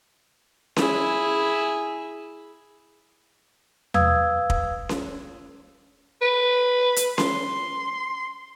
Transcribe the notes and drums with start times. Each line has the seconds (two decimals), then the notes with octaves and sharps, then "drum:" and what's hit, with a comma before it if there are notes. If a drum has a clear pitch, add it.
0.76 E4 G#4, drum: snare C#4
3.94 B4 F5 D#6 E6 G#6, drum: tom E2
4.50 drum: kick
4.89 drum: snare C#4
6.22 B4
6.96 drum: hi-hat
7.18 C6, drum: snare C#4